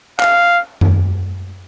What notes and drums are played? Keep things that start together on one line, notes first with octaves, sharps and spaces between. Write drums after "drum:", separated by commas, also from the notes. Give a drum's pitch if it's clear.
F5, drum: clap
drum: tom F#2